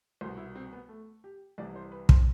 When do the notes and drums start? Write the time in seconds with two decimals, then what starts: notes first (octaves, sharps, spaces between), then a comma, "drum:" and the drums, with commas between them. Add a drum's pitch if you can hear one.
0.21 C2 B2 C5
0.37 E4
0.55 C4
0.73 B3
0.89 A3
1.24 G4
1.58 C2 C3 E3 D5
1.76 C5
1.92 B4
2.09 C5, drum: kick